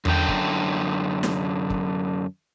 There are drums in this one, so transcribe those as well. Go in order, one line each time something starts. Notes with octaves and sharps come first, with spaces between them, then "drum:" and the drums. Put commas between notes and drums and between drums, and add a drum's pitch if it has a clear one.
F#2 D3 G5, drum: tom E2
drum: kick
drum: snare
drum: kick